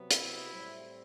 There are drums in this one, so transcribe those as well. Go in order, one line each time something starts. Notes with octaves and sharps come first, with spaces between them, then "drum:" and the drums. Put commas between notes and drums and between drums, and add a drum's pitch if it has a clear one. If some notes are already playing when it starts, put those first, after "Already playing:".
Already playing: C3 F#3 B3
E4, drum: hi-hat
A2 G3 C4